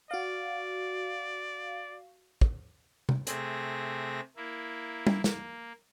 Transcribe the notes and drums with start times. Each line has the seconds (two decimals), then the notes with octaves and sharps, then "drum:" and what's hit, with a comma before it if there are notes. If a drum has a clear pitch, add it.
0.11 F#4 D5 F5
2.41 drum: kick
3.09 drum: tom
3.27 C3 A3 C4 G#4 A#6, drum: hi-hat
4.36 A#3 E4
5.07 drum: tom
5.24 A#3, drum: snare